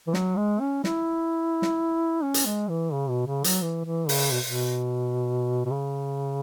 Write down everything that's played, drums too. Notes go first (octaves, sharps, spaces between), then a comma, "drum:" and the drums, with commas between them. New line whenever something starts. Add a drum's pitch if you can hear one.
E3
F#3, drum: snare
G#3
C#4
E4, drum: snare
drum: snare
C#4
drum: hi-hat
G#3
E3
C#3
B2
C#3
F#3, drum: hi-hat
E3
E3
C#3, drum: open hi-hat
B2
B2
B2
C#3